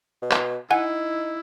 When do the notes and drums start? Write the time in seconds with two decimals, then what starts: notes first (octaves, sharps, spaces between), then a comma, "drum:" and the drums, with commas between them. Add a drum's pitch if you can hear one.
0.22 B2
0.31 drum: clap
0.71 D#4 E4 F#5 G#5